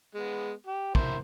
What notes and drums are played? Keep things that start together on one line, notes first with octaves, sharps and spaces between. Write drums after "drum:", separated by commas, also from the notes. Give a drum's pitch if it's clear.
G#3 B3
G4
E4 A#4 C5, drum: kick